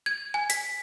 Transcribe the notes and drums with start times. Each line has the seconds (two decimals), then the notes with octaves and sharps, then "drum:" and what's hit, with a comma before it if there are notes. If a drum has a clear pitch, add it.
0.06 G#6
0.34 G#5
0.50 B6, drum: hi-hat